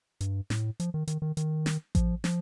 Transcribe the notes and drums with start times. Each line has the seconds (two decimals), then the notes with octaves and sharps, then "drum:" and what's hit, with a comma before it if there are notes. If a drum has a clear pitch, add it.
0.21 G2, drum: hi-hat
0.50 A2, drum: snare
0.80 F3, drum: hi-hat
0.94 D#3
1.08 D#3, drum: hi-hat
1.22 D#3
1.37 D#3, drum: hi-hat
1.66 drum: snare
1.95 F3, drum: kick A1, hi-hat
2.24 F3, drum: snare